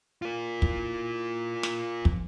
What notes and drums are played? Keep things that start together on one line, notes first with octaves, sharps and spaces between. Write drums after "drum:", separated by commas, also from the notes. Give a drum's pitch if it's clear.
F4 A#4
E4, drum: kick
drum: snare
F3, drum: kick